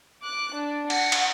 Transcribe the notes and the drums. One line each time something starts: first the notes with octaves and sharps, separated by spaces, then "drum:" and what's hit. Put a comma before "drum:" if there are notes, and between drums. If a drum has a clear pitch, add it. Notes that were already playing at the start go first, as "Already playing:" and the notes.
D6 F#6
D4
F#5, drum: cymbal
drum: cymbal